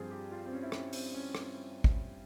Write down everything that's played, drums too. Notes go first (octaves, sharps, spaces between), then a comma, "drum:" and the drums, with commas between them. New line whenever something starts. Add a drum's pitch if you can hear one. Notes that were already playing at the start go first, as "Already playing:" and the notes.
Already playing: G2 F3 C4 G#4 C5
G4
F4
C4
C#4
E4
C#4, drum: rim click
C4, drum: open hi-hat
C#4
C4, drum: rim click
drum: kick